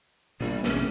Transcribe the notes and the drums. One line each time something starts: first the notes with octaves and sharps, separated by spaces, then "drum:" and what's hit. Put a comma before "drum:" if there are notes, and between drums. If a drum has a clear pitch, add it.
A#1 B2 G3 D4
A1 E2 C3 A3 C#4, drum: snare